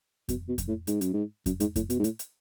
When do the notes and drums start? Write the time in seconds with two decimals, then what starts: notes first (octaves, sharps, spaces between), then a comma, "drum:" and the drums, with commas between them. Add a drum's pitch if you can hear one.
0.29 B2, drum: kick F2, hi-hat
0.48 B2
0.58 drum: kick F2, hi-hat
0.68 A2
0.87 G#2, drum: hi-hat
1.01 F#2, drum: hi-hat
1.13 G#2
1.46 F#2, drum: kick F2, hi-hat
1.60 G#2, drum: hi-hat
1.76 A2, drum: kick F2, hi-hat
1.90 B2, drum: hi-hat
1.99 G#2
2.04 A2, drum: hi-hat
2.19 drum: hi-hat